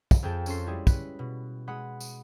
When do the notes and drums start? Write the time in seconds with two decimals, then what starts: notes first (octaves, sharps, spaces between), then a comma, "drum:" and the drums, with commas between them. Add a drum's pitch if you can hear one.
0.11 drum: kick, tambourine
0.23 F2 G#4 G5 A5
0.46 C#4 A4 C6 C7, drum: tambourine
0.66 G3 G#3 E4 G#4
0.87 B4, drum: kick, tambourine
1.19 B2
1.68 G#3 F#5 B5 D#6
2.00 drum: tambourine